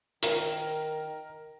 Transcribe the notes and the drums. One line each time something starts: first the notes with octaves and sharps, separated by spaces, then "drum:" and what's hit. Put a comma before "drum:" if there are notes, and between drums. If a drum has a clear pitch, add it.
D#3 A#4, drum: hi-hat